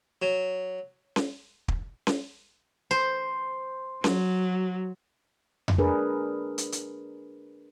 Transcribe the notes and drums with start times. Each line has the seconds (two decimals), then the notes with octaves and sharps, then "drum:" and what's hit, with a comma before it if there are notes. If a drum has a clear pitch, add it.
0.22 F#3
1.16 drum: snare C#4
1.68 drum: kick
2.07 drum: snare C#4
2.91 C5
4.04 F#3, drum: snare C#4
5.68 drum: tom F2
5.78 D4 G#4 A#4 B4
6.58 drum: hi-hat
6.72 drum: hi-hat